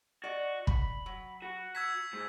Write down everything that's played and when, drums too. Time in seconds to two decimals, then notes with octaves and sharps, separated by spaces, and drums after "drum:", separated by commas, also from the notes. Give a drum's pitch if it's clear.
0.24 F#4 D5 D#5
0.67 B5, drum: kick
1.06 F#3
1.42 F#4
1.75 A#5 E6 G#6 B6
2.13 G#2